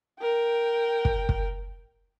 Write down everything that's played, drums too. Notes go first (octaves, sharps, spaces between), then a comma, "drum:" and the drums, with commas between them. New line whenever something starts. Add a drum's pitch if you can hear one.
A#4 G5
drum: kick
drum: kick